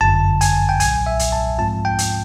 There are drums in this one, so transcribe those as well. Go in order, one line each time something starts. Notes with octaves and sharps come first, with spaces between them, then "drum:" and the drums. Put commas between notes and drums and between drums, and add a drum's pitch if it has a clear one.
G1 F#2 D3 A5
G#5, drum: hi-hat
G5
B1 A#2 F#3 G#5, drum: hi-hat
E5
drum: hi-hat
A5
G#2 F3 G#3 C4 F4 A5
G5
drum: hi-hat